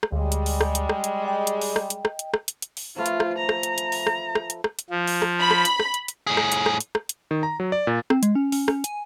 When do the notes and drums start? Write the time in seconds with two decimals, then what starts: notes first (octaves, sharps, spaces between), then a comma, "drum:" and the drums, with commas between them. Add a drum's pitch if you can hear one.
0.03 drum: rim click
0.12 D2 G3 G#3
0.32 drum: hi-hat
0.46 drum: open hi-hat
0.61 drum: rim click
0.75 drum: hi-hat
0.89 drum: rim click
1.04 drum: hi-hat
1.25 D#5 G5
1.47 drum: hi-hat
1.61 drum: open hi-hat
1.76 drum: rim click
1.90 drum: hi-hat
2.05 drum: rim click
2.19 drum: hi-hat
2.34 drum: rim click
2.48 drum: hi-hat
2.62 drum: hi-hat
2.77 drum: open hi-hat
2.96 F3 A3 F4 B4
3.06 drum: hi-hat
3.20 drum: rim click
3.39 A#5
3.49 drum: rim click
3.63 drum: hi-hat
3.78 drum: hi-hat
3.92 drum: open hi-hat
4.07 drum: rim click
4.35 drum: rim click
4.50 drum: hi-hat
4.64 drum: rim click
4.79 drum: hi-hat
4.90 F3
5.07 drum: open hi-hat
5.22 drum: rim click
5.40 B5
5.51 drum: rim click
5.65 drum: hi-hat
5.80 drum: rim click
5.94 drum: hi-hat
6.08 drum: hi-hat
6.27 A2 G#4
6.37 drum: rim click
6.52 drum: hi-hat
6.66 drum: rim click
6.80 drum: hi-hat
6.95 drum: rim click
7.09 drum: hi-hat
7.31 D#3
7.43 A#5
7.60 F#3
7.72 D5
7.87 A#2
8.10 C4, drum: rim click
8.23 G#3, drum: hi-hat
8.35 C#4
8.52 C#4, drum: open hi-hat
8.68 C#4, drum: rim click
8.84 G#5, drum: hi-hat